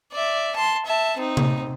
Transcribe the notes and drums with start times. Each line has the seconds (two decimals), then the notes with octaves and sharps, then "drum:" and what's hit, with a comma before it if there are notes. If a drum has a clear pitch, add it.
0.12 D5 E5
0.56 A5 C6
0.85 E5 A5
1.18 C4 D#4
1.37 drum: tom C3